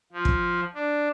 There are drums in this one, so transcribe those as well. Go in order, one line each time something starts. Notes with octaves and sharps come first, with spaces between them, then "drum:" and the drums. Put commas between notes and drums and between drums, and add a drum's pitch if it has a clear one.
F3
drum: kick
D4